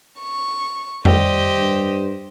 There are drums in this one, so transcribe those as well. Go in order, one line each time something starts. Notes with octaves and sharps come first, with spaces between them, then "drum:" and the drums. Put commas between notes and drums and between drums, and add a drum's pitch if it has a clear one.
C#6
G3 G4 C5 D#5, drum: tom F2
G2